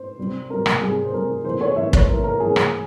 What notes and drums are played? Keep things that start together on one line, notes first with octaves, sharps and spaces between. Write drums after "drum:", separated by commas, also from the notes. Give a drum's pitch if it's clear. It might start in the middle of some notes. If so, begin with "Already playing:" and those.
Already playing: C5
C3 G3 C4
C3 G3 C4 A#4
drum: rim click
C3 G3 C4 G#4
C5
C3 G3 C4 A#4
C3 E3 A#3 C5
C#5
C3 E3 A#3 E5
C#5, drum: kick
C3 E3 A#3 A#4
A#4
C3 E3 A#3 G#4
drum: rim click